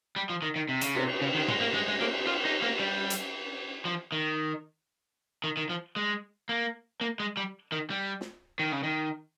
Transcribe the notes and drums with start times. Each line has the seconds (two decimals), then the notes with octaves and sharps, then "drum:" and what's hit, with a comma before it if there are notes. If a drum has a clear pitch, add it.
0.16 G3
0.30 F3
0.42 D#3
0.56 D#3
0.69 C3
0.81 C#3, drum: hi-hat
0.95 C3, drum: cymbal
1.21 C#3
1.34 D#3
1.48 G#3, drum: tom
1.60 A#3
1.74 G#3
1.88 G#3
2.00 A#3, drum: cymbal
2.27 F4
2.45 D#4
2.62 A#3
2.80 G3
3.10 drum: hi-hat
3.85 F3
4.12 D#3
5.44 D#3
5.57 D#3
5.70 F3
5.96 G#3
6.49 A#3
7.01 A#3
7.20 G#3
7.37 G3
7.72 D#3
7.90 G3
8.21 drum: snare
8.60 D#3
8.72 C#3
8.83 D#3